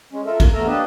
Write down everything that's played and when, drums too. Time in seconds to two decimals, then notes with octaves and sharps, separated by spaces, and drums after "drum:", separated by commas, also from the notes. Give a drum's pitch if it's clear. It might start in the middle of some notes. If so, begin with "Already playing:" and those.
0.12 G#3 C#4
0.26 F4 A4 A#4 E5
0.40 A#3, drum: kick, cymbal
0.54 E2 A3 A4 A#4 E5 A#5
0.67 A#3 D4 G4 B4 D#5 A5